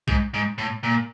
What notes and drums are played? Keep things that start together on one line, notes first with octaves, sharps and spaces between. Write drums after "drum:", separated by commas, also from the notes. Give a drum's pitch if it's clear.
G#2, drum: kick B1
G#2
A2
A#2